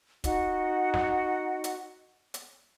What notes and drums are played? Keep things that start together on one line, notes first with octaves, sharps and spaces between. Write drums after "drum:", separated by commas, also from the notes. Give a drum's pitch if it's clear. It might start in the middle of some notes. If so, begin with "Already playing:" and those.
D#4 F#4 D#5 F#5, drum: kick, hi-hat
drum: snare
drum: hi-hat
drum: hi-hat